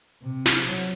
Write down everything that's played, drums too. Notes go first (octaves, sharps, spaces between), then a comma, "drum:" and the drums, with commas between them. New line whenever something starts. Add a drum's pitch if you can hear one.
C3
drum: snare
F3 F#3